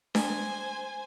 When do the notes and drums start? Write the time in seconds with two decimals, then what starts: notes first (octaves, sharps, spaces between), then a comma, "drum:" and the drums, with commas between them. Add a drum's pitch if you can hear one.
0.15 C5 G#5, drum: snare D4